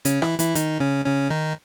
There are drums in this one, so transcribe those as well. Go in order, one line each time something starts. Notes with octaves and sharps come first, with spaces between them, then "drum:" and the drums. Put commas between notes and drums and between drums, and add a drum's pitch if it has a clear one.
C#3 C#4, drum: hi-hat
E3 E4, drum: rim click
E3 E4, drum: hi-hat
D#3 D#4, drum: hi-hat
C#3 C#4
C#3 C#4
D#3 D#4